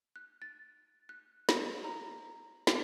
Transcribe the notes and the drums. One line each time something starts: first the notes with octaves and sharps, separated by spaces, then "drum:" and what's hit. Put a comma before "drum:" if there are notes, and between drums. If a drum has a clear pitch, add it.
F#6
A6
F#6
drum: snare
A#5
drum: snare